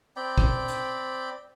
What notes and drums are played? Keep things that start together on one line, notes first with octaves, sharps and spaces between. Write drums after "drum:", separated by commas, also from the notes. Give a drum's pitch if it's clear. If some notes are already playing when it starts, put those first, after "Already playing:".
C4 D5 G5 B5
drum: kick
drum: hi-hat